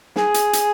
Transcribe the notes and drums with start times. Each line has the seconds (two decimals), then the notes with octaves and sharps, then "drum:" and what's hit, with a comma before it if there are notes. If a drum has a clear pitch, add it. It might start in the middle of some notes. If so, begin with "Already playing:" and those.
0.16 G#4, drum: snare
0.34 drum: hi-hat
0.53 drum: hi-hat